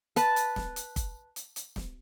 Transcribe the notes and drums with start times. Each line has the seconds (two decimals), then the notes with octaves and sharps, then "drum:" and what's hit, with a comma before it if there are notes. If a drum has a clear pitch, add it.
0.16 B4 A5, drum: hi-hat
0.36 drum: hi-hat
0.56 drum: snare
0.76 drum: hi-hat
0.96 drum: kick, hi-hat
1.36 drum: hi-hat
1.56 drum: hi-hat
1.76 drum: snare